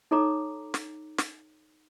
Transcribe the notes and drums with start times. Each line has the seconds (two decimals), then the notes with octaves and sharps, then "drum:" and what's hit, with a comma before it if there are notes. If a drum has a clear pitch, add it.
0.11 D#4 A4 C#5 A#5 D6
0.74 drum: snare
1.18 drum: snare